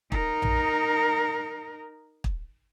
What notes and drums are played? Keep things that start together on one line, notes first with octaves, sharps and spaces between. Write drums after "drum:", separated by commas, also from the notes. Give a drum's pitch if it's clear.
D#4 A#4, drum: kick
drum: tom A#1
drum: kick